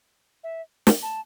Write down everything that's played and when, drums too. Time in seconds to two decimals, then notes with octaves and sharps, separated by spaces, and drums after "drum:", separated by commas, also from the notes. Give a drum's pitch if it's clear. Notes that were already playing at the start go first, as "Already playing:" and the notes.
0.44 E5
0.87 drum: snare
1.02 A5